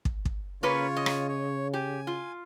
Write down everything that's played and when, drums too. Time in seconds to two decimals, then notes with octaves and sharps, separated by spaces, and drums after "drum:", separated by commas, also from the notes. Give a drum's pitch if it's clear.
0.05 drum: kick
0.25 drum: kick
0.63 C#3 A#3 C#4 F4 B4 C#5
0.97 D#5
1.06 drum: rim click
1.28 C#5
1.73 G4 G#5
2.07 F4